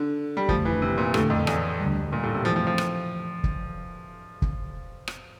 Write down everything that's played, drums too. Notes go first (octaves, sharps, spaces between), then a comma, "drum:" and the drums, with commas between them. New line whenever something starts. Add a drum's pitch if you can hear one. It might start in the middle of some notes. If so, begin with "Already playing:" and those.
Already playing: D3
G3
F2 D3 F3 A3, drum: kick
E3
C3
A#2
E2 A2 D3 A3, drum: rim click
F2
E2, drum: rim click
D2 D3 G3
A#2
A2
C3
E2 E3 F3 A3 C4
F3
F3
drum: rim click
drum: kick
drum: kick
drum: rim click